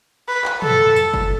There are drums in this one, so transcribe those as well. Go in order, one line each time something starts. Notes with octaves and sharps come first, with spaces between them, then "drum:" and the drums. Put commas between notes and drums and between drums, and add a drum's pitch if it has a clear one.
B4
drum: clap
A4, drum: tom
drum: tambourine
drum: kick F#1